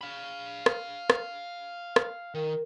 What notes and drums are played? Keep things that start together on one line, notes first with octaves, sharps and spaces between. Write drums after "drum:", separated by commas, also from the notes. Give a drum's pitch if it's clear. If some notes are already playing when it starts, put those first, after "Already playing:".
F5 B5
drum: rim click
drum: rim click
drum: rim click
D#3 A#4